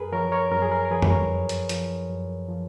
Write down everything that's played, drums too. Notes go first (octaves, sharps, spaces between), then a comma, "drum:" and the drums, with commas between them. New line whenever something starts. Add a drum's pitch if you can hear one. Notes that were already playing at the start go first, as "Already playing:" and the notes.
Already playing: F#2 G#4 A#4 B4
F3 A#4 C#5
A#4 C#5
F#2 A#4
G#4
A#4
A#4
F3 G#4 B4
B4, drum: tom
A#4 C#5
F#2
drum: hi-hat
F3, drum: hi-hat
F#2
F3